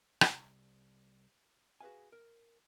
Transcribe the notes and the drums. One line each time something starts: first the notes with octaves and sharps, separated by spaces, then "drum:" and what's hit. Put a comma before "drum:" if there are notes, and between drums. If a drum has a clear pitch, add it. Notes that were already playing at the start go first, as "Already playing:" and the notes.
C2, drum: rim click
F#4 G#4 B4 F5 G#5
A#4